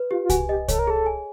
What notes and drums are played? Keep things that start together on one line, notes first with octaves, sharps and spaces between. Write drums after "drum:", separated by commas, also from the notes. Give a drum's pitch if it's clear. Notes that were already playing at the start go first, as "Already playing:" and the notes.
Already playing: B4
F4 G4
F4
F#4 G#5, drum: kick C2, hi-hat
G4 D#5
A4 C#5, drum: kick C2, hi-hat
A#4
G#4 A4
G#5